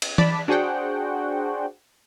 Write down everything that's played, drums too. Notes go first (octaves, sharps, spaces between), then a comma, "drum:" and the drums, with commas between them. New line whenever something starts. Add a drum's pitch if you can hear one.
drum: cymbal
D5 A5 B5 B6, drum: tom E3
D4 F#4 G#4 C5 F#5 G5